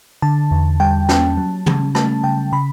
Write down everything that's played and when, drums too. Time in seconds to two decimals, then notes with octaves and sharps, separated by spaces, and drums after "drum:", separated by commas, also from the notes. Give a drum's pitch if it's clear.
0.22 D3 A5
0.51 E2
0.80 G3 G5
1.09 C#4 A5, drum: snare
1.37 F#3
1.66 C#3, drum: tom
1.95 A3 A5, drum: rim click
2.24 C#3 G5
2.52 C#3 B5